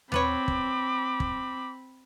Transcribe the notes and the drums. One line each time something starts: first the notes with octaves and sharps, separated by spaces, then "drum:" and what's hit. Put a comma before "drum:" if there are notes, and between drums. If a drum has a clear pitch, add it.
B3 C4 B4 C#5 B5 D6, drum: tom D#2
drum: kick
drum: kick